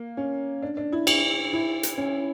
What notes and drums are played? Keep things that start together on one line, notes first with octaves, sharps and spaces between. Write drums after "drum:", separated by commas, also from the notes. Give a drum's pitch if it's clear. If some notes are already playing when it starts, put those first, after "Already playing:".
Already playing: A#3
C#4
D4
D4
E4
E4, drum: cymbal
E4
drum: hi-hat
C#4